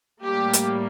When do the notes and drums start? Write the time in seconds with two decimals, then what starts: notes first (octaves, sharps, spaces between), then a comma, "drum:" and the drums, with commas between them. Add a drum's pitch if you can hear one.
0.23 A2 G3 A#3 G4
0.53 drum: hi-hat